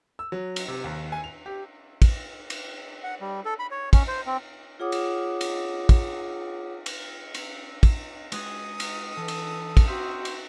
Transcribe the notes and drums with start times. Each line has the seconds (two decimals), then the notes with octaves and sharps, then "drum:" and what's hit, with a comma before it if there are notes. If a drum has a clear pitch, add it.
0.19 E6
0.32 F#3
0.56 drum: cymbal
0.68 C3
0.84 D#2
1.12 G#5
1.24 F7
1.46 G4
2.02 drum: kick, cymbal
2.50 drum: cymbal
3.03 F#5
3.21 G3
3.45 A4
3.59 B5
3.71 C#5
3.93 C#4, drum: kick, cymbal
4.08 C5
4.27 C4
4.80 F4 G#4 C#5 F#5 D6 D#6
4.92 drum: cymbal
5.41 drum: cymbal
5.89 drum: kick, cymbal
6.86 drum: cymbal
7.34 drum: cymbal
7.83 drum: kick, cymbal
8.32 G#3 F#4 G#4 D#6, drum: cymbal
8.80 drum: cymbal
9.17 E3 A4
9.28 drum: cymbal
9.77 drum: kick, cymbal
9.88 C4 F#4 E5
10.25 drum: cymbal